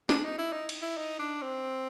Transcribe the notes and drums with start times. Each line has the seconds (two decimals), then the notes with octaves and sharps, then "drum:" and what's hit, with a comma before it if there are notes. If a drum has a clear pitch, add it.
0.09 D4, drum: snare
0.24 D#4
0.38 E4
0.53 D#4
0.69 drum: cymbal
0.82 E4
0.97 D#4
1.19 D4
1.42 C4